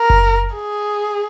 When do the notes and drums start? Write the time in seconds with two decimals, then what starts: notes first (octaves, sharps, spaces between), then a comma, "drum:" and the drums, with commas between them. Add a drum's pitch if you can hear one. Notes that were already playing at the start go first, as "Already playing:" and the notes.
Already playing: A#4
0.10 drum: kick F#1
0.55 G#4